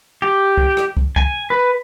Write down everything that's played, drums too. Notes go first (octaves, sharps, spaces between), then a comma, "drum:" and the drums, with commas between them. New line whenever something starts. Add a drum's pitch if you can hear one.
G4
drum: kick
drum: rim click
drum: kick
G#5, drum: kick
B4